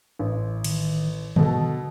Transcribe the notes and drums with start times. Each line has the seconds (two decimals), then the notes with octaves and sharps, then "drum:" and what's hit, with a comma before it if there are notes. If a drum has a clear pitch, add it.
0.19 A1
0.64 D#3, drum: cymbal
1.36 B2 D3 A4, drum: tom D3